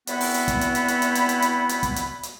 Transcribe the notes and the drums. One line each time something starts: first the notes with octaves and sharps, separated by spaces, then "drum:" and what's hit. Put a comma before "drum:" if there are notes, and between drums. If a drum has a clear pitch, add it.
E2 B3 C4 E4 F#4 B5, drum: hi-hat
drum: open hi-hat
drum: hi-hat
drum: kick, hi-hat
drum: hi-hat
drum: hi-hat
drum: hi-hat
drum: hi-hat
drum: hi-hat
drum: hi-hat
drum: hi-hat
drum: hi-hat
drum: kick, hi-hat
drum: hi-hat
drum: hi-hat